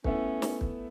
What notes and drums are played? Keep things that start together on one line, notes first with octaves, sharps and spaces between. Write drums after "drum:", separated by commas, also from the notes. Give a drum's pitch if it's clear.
A3 B3 C#4 E4, drum: kick
drum: snare
drum: kick